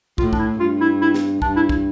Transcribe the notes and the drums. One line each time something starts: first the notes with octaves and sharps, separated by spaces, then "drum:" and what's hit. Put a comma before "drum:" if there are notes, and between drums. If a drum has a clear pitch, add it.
A2 F4, drum: kick
D4, drum: kick
E4
G2 F4
E4
E4
drum: snare
G2 D4, drum: kick
E4
E4, drum: kick